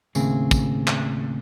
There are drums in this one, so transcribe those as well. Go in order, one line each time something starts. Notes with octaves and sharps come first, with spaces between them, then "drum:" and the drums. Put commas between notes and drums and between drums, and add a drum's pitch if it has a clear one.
D#2 A2 C#3 C4 G#4, drum: tambourine
drum: kick, tambourine
drum: clap